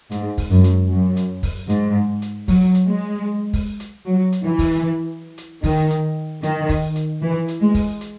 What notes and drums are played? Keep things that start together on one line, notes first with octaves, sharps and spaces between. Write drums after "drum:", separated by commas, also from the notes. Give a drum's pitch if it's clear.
G#2, drum: hi-hat
drum: kick, open hi-hat
F#2
drum: hi-hat
F#2
drum: hi-hat
drum: kick, open hi-hat
G#2, drum: hi-hat
drum: hi-hat
F#3, drum: kick, open hi-hat
drum: hi-hat
G#3
drum: kick, open hi-hat
drum: hi-hat
F#3
drum: hi-hat
E3
drum: kick, open hi-hat
drum: hi-hat
D#3, drum: kick, open hi-hat
drum: hi-hat
D#3, drum: hi-hat
drum: kick, open hi-hat
drum: hi-hat
E3
drum: hi-hat
G#3
drum: kick, open hi-hat
drum: hi-hat